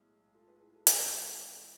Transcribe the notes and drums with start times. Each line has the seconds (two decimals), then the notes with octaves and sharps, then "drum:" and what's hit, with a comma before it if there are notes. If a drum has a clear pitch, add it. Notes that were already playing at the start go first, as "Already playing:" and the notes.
Already playing: B1 A2 G#3
0.34 F4 A4
0.48 G#4 B4
0.61 E4 G#4
0.74 F4 A4
0.87 G#1 G#2 E3 G#3 C4 F4 A4, drum: hi-hat
1.13 E4 G#4
1.39 G#4 B4